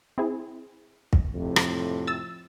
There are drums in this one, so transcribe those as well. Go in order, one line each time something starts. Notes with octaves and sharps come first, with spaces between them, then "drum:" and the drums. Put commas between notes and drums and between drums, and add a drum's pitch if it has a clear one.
C4 E4 G#4
drum: kick
F2 A2 C3
drum: rim click
E6 A6